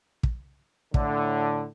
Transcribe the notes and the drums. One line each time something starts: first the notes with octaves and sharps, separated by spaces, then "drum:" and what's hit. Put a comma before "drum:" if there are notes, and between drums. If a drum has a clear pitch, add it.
drum: kick
A2 D3, drum: kick